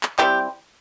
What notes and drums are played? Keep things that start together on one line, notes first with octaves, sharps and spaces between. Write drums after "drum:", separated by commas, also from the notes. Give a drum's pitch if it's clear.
drum: clap
G3 C4 E4 G4, drum: clap